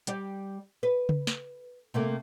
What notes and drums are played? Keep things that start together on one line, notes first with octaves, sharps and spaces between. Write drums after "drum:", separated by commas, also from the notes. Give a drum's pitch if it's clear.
G3 G4 D5, drum: hi-hat
B4
drum: tom C#3
drum: snare
C3 A3 A#3